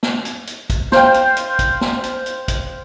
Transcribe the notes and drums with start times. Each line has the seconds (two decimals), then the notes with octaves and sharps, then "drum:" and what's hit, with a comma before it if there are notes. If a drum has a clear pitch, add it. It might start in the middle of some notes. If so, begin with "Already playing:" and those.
0.03 drum: snare
0.25 drum: hi-hat
0.47 drum: hi-hat
0.70 drum: kick, hi-hat
0.92 C5 F5 G5, drum: snare
1.14 drum: hi-hat
1.37 drum: hi-hat
1.59 drum: kick, hi-hat
1.81 drum: snare
2.03 drum: hi-hat
2.26 drum: hi-hat
2.48 drum: kick, hi-hat